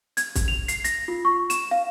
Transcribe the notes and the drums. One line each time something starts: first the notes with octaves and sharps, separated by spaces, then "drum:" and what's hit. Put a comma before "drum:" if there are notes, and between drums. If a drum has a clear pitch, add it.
G#6, drum: hi-hat
drum: kick, hi-hat
F7
C7, drum: hi-hat
A#6, drum: hi-hat
F4
C#6
E7, drum: hi-hat
F5